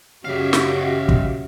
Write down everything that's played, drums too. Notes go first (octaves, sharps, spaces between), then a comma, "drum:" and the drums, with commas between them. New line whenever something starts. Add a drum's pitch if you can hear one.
F#2 C#3 F#4 G4 E5 F5
drum: snare
drum: kick